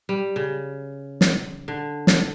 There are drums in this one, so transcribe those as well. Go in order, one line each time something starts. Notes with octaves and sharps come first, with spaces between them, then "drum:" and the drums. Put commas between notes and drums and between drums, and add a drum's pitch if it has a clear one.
G3
C#3
drum: snare
D3
drum: snare